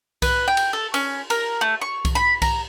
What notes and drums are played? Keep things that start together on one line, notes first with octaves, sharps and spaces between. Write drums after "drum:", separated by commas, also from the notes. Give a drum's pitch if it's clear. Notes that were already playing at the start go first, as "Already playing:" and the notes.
B4, drum: kick C2, cymbal
G5
drum: cymbal
A4
C#4, drum: cymbal
A#4, drum: cymbal
A3
C#6
drum: kick C2, cymbal
B5
A#5, drum: kick C2, cymbal